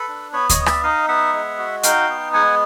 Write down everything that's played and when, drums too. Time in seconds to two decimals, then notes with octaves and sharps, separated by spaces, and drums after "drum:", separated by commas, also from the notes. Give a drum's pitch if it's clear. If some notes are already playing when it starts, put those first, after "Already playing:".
Already playing: A4 B4
0.08 D4
0.33 B3 B4 C#5
0.50 C#5 D#5, drum: kick D2, hi-hat
0.58 B3
0.66 D5 E5, drum: rim click
0.83 D#4 D#5 F5
1.08 B3 E5 F#5
1.33 G#3
1.59 F#4
1.84 D#4 F5 G5, drum: hi-hat
2.09 B3
2.33 G#3 F#5 G#5